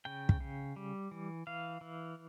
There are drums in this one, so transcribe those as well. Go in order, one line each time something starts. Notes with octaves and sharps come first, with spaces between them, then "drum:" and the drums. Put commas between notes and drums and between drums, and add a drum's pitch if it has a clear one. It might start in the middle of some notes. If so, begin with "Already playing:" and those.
C#3 G5
drum: kick
C#3
G3
E3
E3 F5
E3